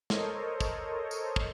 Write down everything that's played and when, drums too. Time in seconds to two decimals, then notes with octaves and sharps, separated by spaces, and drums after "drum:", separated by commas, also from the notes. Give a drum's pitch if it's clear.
0.10 A4 A#4 C5 C#5 D#5, drum: snare
0.61 drum: kick, tambourine
1.11 drum: tambourine
1.36 drum: kick